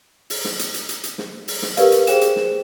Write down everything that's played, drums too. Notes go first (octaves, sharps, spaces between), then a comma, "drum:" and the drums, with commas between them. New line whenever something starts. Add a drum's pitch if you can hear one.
drum: open hi-hat
drum: snare
drum: hi-hat
drum: hi-hat
drum: hi-hat
drum: hi-hat
drum: snare
drum: open hi-hat
drum: snare
G4 A#4 B4 D5 F5, drum: hi-hat
drum: hi-hat
G#4 C5 G5 E7, drum: hi-hat
drum: hi-hat
drum: snare